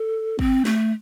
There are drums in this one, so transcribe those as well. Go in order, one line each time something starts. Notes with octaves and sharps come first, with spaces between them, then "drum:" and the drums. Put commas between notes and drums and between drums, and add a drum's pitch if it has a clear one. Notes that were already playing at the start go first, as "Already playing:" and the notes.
Already playing: A4
C4, drum: kick
A3, drum: snare